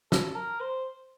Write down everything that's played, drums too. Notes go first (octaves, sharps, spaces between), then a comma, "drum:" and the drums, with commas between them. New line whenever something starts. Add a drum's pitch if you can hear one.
A4, drum: snare
A#4
C5